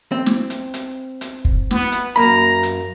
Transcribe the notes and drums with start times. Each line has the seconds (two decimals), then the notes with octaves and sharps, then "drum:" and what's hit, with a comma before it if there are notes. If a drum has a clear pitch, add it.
0.12 C4
0.26 drum: snare
0.50 drum: hi-hat
0.74 drum: hi-hat
1.21 drum: hi-hat
1.45 drum: kick
1.71 B3, drum: snare
1.92 drum: hi-hat
2.16 F#2 A#3 A#5 B5
2.63 drum: hi-hat